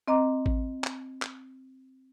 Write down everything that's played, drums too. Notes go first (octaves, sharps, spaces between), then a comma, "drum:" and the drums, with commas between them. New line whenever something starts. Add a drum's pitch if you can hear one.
C4 D#5 A#5 D6
drum: kick A1
drum: clap
drum: clap